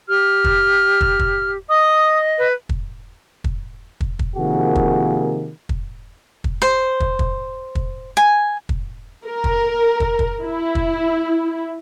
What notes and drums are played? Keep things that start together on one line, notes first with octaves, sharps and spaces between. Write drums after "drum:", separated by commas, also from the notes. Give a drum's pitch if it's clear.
G4 F6
drum: kick
drum: kick
drum: kick
D#5 D#6
B4
drum: kick
drum: kick
drum: kick
drum: kick
C3 D#3 F3 A#3 F#4 G#4
drum: kick
drum: kick
drum: kick
C5
drum: kick
drum: kick
drum: kick
G#5
drum: kick
A#4
drum: kick
drum: kick
drum: kick
E4
drum: kick